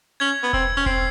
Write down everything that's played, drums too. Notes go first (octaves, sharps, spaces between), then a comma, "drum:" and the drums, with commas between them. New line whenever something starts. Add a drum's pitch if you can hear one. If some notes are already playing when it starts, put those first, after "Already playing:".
C#4 G#6
B3
C4 E6, drum: kick E1
C#4
C4 C7, drum: kick E1